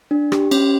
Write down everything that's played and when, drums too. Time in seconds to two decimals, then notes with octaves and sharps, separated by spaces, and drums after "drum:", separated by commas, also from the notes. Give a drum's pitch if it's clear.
0.11 D4
0.32 G4, drum: rim click
0.51 C#4, drum: cymbal